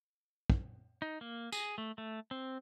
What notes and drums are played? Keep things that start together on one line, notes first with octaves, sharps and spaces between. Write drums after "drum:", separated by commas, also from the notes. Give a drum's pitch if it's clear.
drum: kick
D#4
A#3
G#4, drum: tambourine
A3
A3
C4